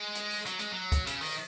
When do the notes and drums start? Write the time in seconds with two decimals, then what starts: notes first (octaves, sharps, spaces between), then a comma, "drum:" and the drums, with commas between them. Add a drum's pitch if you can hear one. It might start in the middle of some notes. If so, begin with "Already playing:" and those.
Already playing: G#3
0.15 drum: hi-hat
0.31 drum: open hi-hat
0.46 F#3, drum: hi-hat
0.59 G#3, drum: hi-hat
0.71 F#3
0.92 drum: kick, hi-hat
1.07 C#3, drum: hi-hat
1.21 D#3, drum: open hi-hat